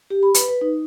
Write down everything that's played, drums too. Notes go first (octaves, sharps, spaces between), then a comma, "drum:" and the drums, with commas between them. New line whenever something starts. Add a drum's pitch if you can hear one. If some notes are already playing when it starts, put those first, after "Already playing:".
G4
B5
B4, drum: hi-hat
B4
D#4